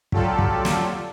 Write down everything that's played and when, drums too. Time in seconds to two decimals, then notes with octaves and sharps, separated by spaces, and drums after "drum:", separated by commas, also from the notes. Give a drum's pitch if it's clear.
0.12 F#3 F4 G4 A4 D5, drum: kick
0.39 drum: kick
0.65 drum: snare